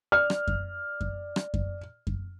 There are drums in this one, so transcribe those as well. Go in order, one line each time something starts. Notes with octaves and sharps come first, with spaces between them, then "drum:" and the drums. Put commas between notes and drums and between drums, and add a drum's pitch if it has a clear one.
D5 F6
drum: rim click
drum: kick F#2
drum: kick F#2
drum: rim click
drum: kick F#2
drum: kick F#2